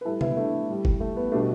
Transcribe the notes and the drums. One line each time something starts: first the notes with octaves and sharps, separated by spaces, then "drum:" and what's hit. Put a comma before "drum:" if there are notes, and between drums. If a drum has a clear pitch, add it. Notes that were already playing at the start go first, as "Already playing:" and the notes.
B4
A2 G3 E4 A4
B3 E4, drum: tom C3
A3 D4
A2 G3
drum: kick F#1
A3
B3
B2 G3 A3 D4